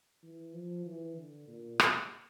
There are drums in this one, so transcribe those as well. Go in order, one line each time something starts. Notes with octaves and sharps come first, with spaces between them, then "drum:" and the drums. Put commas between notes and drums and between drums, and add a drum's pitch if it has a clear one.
E3
F3
E3
D3
A#2
drum: rim click